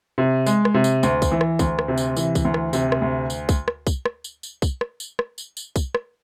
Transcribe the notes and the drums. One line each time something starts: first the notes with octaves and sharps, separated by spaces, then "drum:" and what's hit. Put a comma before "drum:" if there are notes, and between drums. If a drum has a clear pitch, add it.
C3
G#3, drum: tambourine
drum: rim click
C3
drum: tambourine
D2, drum: tambourine
drum: kick, tambourine
E3
drum: rim click
D2, drum: kick, tambourine
drum: rim click
C3
drum: tambourine
E3, drum: tambourine
drum: kick, tambourine
D2
drum: rim click
C3, drum: tambourine
drum: rim click
D2
drum: tambourine
drum: kick, tambourine
drum: rim click
drum: kick, tambourine
drum: rim click
drum: tambourine
drum: tambourine
drum: kick, tambourine
drum: rim click
drum: tambourine
drum: rim click
drum: tambourine
drum: tambourine
drum: kick, tambourine
drum: rim click